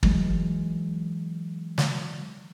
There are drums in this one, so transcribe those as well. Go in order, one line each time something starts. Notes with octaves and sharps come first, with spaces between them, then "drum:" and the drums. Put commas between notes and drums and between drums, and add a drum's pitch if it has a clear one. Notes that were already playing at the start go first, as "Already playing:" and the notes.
E3 F#3 G#3, drum: kick
drum: snare